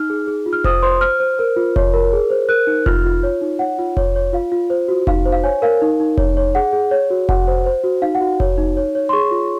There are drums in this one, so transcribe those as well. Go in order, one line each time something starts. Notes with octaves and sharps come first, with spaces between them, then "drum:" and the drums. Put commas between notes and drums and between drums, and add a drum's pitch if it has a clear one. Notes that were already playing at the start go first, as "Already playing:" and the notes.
Already playing: D#4 F6
G#4
G#4
F4
F6
C5 D#6, drum: kick F1
C5 C6
C5 F6
C5
A#4
F4
C#5, drum: kick F1
A#4
G#4
C5
A#4 F#6
D#4
F4 F6, drum: kick F1
F4
C#5
D#4
C#5 F#5
F4
C#5, drum: kick F1
C#5
F4 F5
F4
C5
F#4
D#4 F5, drum: kick F1
C5
F5
C#5 G#5
A#4 F5
D#4
D#4
C#5, drum: kick F1
C#5
G#4 F#5
G#4
C#5
F#4
F#4 F#5, drum: kick F1
C5
C5
F#4
D#4 F5
F#5
F#4
C#5, drum: kick F1
D#4
C#5
C#5
C6
G#4 C#6
F4